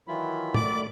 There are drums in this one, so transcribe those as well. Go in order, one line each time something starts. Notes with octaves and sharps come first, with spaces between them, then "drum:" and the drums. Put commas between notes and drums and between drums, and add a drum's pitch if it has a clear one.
D#3 E3 F#3 E4 F4 B5
A3 D5 D6, drum: tom